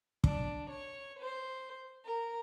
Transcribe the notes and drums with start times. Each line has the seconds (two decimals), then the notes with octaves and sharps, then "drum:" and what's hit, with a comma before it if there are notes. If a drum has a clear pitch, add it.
0.24 D4, drum: kick
0.69 C#5
1.18 C5
2.04 A#4